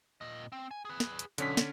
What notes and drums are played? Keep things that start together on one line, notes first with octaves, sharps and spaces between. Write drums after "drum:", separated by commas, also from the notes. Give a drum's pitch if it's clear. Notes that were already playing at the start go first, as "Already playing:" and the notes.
A#2 D#5
C4
G#5
G#4 B4
drum: snare
drum: hi-hat
B1 D3 C#4 B6, drum: hi-hat
drum: snare